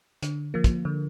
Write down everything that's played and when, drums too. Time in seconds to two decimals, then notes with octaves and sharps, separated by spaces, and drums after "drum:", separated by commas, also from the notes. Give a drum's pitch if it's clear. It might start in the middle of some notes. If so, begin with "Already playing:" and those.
0.23 D3, drum: hi-hat
0.54 F3 A#3
0.64 drum: kick, hi-hat
0.85 D3